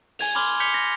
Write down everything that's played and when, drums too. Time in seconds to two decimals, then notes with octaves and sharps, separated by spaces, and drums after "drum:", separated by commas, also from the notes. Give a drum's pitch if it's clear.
0.19 G#5 G#6 F7, drum: open hi-hat
0.35 B5 C6 D6 F6 G#6 G7
0.60 D6 G6 B6 C#7 F7 G7
0.74 A#6